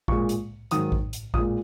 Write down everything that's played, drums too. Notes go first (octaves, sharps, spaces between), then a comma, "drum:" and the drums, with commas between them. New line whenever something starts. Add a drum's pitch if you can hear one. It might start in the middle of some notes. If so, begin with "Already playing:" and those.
A#2 G#3 C#6, drum: kick A1
drum: hi-hat
G#2 D#3 F#3 D#6, drum: hi-hat
drum: kick A1
drum: hi-hat
A#2 G#3 D#6, drum: kick A1